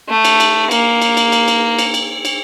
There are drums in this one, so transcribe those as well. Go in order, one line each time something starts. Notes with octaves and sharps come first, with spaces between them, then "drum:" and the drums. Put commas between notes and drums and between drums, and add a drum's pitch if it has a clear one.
A3
drum: cymbal
drum: cymbal
A#3, drum: cymbal
drum: cymbal
drum: cymbal
drum: cymbal
drum: cymbal
drum: cymbal
drum: cymbal
drum: cymbal